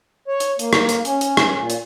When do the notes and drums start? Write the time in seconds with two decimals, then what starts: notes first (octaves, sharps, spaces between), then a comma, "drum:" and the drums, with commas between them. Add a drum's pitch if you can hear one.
0.28 C#5
0.40 drum: hi-hat
0.59 A#3, drum: hi-hat
0.73 drum: rim click
0.89 drum: hi-hat
1.05 C#4, drum: hi-hat
1.21 drum: hi-hat
1.37 drum: rim click
1.57 A#2
1.70 drum: hi-hat